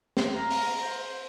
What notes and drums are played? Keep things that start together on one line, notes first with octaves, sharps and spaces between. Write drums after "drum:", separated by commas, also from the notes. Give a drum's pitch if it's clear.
drum: snare
F5 A#5
drum: open hi-hat
C5